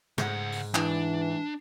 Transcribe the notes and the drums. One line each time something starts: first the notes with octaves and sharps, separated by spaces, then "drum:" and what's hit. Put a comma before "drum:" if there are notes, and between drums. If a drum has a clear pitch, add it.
C#2 G#2 F#5, drum: rim click
drum: open hi-hat
E3 D4, drum: clap